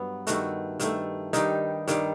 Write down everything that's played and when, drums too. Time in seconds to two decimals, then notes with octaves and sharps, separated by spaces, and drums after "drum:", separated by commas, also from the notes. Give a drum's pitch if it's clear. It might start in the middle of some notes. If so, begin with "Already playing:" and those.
Already playing: G2 F#3 B3
0.27 G2 D#3 A3 F#4, drum: hi-hat
0.80 G2 D#3 A3, drum: hi-hat
1.33 G2 D#3 G3 D#4, drum: hi-hat
1.88 G2 D#3 G3, drum: hi-hat